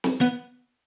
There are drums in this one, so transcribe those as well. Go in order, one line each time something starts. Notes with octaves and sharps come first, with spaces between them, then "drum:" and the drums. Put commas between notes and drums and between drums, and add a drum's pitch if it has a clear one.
drum: snare
B3